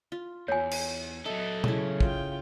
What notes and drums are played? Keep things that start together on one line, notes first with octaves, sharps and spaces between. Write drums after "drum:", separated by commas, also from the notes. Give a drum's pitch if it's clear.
F4
E2 C#5 G#5
drum: cymbal
F#3 A4 D#5 E5
C#3 E4, drum: tom
F4 G5, drum: kick